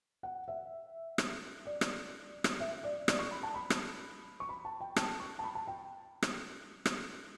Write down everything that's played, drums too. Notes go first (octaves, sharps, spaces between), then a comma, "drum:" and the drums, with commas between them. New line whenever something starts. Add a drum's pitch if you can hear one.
F#5
E5
drum: rim click
D5
drum: rim click
drum: rim click
E5
D5
D5, drum: rim click
C#6
B5
A5
B5
drum: rim click
C#6
B5
A5
G5
A5, drum: rim click
C#6
A5
B5
A5
G5
drum: rim click
drum: rim click